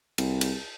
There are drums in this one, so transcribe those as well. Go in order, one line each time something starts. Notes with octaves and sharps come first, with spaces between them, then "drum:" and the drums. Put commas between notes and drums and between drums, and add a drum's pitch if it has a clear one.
C2, drum: cymbal
drum: cymbal